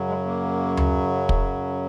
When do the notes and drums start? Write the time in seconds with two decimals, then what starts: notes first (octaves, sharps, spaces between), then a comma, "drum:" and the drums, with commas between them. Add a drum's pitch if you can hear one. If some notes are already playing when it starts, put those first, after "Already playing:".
Already playing: F#2 C#3 F#3
0.09 G#3
0.26 A#3
0.77 drum: tom D2
1.29 drum: kick